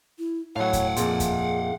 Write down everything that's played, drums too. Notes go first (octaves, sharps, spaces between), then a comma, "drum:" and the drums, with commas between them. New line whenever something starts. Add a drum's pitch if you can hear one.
E4
A2 F#3 C#5 F5 F#5
drum: kick D#2, hi-hat
F2 A#2 G#4, drum: hi-hat
drum: kick D#2, hi-hat